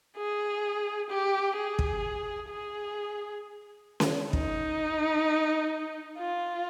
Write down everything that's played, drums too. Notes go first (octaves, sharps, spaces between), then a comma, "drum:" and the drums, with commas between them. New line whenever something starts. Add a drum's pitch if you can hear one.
G#4
G4
G#4
drum: kick
G#4
drum: snare C#4
D#4, drum: kick
F4